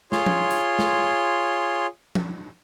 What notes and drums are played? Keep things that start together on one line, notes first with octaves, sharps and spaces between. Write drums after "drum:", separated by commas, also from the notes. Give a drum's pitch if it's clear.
F4 G#4 C#5 C6, drum: snare
drum: tom F3
drum: hi-hat
drum: snare
drum: tom F3